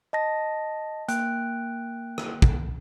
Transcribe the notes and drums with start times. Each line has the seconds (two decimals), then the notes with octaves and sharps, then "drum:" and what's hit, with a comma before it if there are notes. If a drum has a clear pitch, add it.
0.13 D#5 A5 A#6
1.08 A#3 G5 F#6 D7, drum: hi-hat
2.18 drum: rim click
2.42 drum: kick